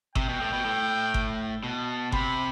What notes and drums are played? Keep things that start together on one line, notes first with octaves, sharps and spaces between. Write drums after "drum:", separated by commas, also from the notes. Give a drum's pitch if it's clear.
C3 G5, drum: kick G1
B2
A2
B2
A2
drum: kick G1
B2 A5
C3 B5, drum: kick G1